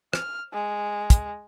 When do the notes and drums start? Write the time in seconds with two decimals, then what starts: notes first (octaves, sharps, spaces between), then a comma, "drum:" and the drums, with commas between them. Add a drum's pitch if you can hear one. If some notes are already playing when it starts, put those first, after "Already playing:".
0.13 F6, drum: rim click
0.53 G#3
1.10 drum: kick, hi-hat